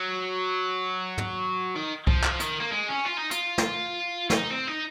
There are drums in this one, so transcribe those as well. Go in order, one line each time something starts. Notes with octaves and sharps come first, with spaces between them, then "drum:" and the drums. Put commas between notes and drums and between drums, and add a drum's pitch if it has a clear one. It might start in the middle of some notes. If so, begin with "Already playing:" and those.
Already playing: F#3
drum: tom
D#3
F3, drum: kick C2
F3, drum: clap
D#3, drum: hi-hat
A#3
G#3
C#4
F4
D#4
F4, drum: hi-hat
drum: snare
F4, drum: snare
D#4
C4
D#4